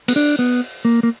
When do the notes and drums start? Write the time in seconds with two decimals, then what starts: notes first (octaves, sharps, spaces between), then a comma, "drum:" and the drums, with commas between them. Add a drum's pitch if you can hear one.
0.08 B3, drum: cymbal
0.16 D4
0.39 B3
0.85 A#3
1.03 A#3